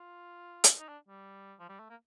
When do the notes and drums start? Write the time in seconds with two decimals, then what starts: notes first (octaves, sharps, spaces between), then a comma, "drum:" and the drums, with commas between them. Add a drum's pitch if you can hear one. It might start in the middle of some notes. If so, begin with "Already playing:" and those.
Already playing: F4
0.64 drum: hi-hat
0.78 D#4
0.88 D4
1.08 G3
1.59 F3
1.69 G3
1.79 A3
1.90 A#3